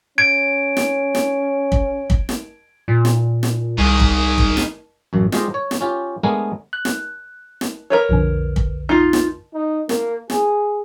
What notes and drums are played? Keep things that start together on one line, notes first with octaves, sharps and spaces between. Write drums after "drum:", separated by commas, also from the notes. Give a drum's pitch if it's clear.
C#4 G#6 D7
drum: snare
drum: snare
drum: kick
drum: kick
drum: snare
A#2
drum: snare
drum: snare
C2 D#3 G#4
drum: kick
drum: kick
drum: snare
A1 F#2
G#3 F4 G4 C5 D#5, drum: snare
C#5
drum: snare
C#4 F4 G4
G#3 A3 B3 D4 G#4 A#4
F#6
drum: snare
drum: snare
A#4 B4 C#5
B1 F2 D3
drum: kick
D#4 F4
drum: snare
D#4
A#3, drum: snare
G#4, drum: snare